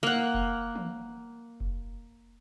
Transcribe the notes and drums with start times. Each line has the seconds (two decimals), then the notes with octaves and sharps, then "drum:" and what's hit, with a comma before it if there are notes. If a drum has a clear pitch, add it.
0.03 A#3 F#5
0.34 drum: kick F1
0.75 drum: tom
1.60 drum: kick F1